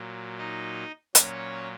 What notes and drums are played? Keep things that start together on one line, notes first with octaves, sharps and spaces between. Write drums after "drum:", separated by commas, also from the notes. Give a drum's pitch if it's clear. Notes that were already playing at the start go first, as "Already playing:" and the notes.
Already playing: A#2 F#3
D#4 D#5
A#2 F#3 C#4 C#5, drum: hi-hat